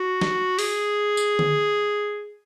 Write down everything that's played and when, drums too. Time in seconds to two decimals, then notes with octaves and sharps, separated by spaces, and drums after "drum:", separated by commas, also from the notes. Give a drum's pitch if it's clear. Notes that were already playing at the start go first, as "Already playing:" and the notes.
Already playing: F#4
0.21 drum: snare
0.59 G#4, drum: open hi-hat
1.17 drum: tambourine
1.39 drum: tom D3